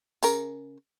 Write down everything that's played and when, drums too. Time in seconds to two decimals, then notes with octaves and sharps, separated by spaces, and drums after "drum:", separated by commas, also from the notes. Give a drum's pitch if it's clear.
0.23 C#3 A#4, drum: tambourine